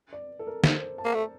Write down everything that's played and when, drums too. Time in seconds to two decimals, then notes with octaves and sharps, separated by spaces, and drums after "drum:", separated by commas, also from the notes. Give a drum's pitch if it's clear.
0.13 D5
0.39 A4
0.47 A#4
0.64 C5, drum: snare
0.81 C5
0.98 A5
1.05 A#3
1.14 A3